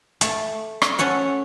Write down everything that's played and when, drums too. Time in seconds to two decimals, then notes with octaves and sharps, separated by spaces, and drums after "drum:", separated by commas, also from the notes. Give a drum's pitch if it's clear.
0.21 A3, drum: hi-hat
0.82 drum: rim click
0.99 C#4 A4 C#5 F#5